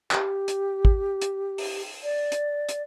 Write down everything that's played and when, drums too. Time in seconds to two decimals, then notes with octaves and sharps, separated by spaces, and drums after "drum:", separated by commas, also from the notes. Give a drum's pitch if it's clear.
0.11 G4, drum: clap
0.48 drum: hi-hat
0.85 drum: kick
1.22 drum: hi-hat
1.58 drum: open hi-hat
2.03 D5
2.32 drum: hi-hat
2.69 drum: hi-hat